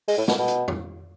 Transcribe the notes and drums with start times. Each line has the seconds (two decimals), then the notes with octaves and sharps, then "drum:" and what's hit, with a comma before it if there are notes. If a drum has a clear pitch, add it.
0.08 G#3, drum: open hi-hat
0.18 A2
0.28 B2, drum: snare
0.38 B2
0.48 drum: hi-hat
0.68 drum: tom